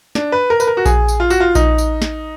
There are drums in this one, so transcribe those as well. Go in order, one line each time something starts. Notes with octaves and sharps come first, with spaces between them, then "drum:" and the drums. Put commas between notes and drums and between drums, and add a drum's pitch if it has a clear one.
D4, drum: snare
B4
A#4
B4, drum: tambourine
A#4
F#4
G#4, drum: kick A#1, tambourine
drum: tambourine
F4
F#4, drum: tambourine
F4
D#4, drum: kick A#1, tambourine
drum: tambourine
drum: snare